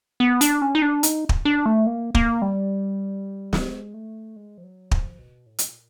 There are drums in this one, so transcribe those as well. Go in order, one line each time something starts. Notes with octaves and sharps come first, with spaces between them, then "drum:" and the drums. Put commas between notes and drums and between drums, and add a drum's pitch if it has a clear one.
B3
D4, drum: hi-hat
C#4
D#4
D4
D#4, drum: hi-hat
drum: kick
D4
A3
A#3
A#3, drum: kick
G3
G#3, drum: snare
A3
G#3
F3
F#3
F3, drum: kick
B2
A2
drum: hi-hat
B2
A#2